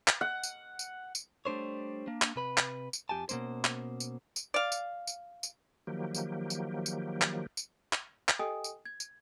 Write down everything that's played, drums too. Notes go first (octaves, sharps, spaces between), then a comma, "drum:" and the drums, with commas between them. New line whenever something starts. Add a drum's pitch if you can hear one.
drum: clap
F#5
drum: tambourine
drum: tambourine
drum: tambourine
G3 A3 D4 C5 C#5
A#3 D4
drum: clap
C3 B4 B5
drum: clap
drum: tambourine
F2 B3 G4 G#5 A5
B2 G#3 A#3 C#4 C5, drum: tambourine
drum: clap
drum: tambourine
drum: tambourine
D5 F5
drum: tambourine
drum: tambourine
drum: tambourine
D#3 F3 F#3 A#3 G4
drum: tambourine
drum: tambourine
drum: tambourine
drum: clap
drum: tambourine
drum: clap
drum: clap
G4 A4 D#5 G5 G#5 D#6
drum: tambourine
G#6
drum: tambourine